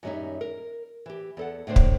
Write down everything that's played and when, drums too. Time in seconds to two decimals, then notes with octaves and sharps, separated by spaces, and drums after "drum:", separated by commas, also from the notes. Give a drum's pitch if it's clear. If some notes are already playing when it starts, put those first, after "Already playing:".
0.03 F#2 D#3 G3 C#4 D#4 E5
0.41 A#4
1.06 E3 G4
1.37 E2 A4 F#5
1.67 A2 D3 D4 C5
1.76 drum: kick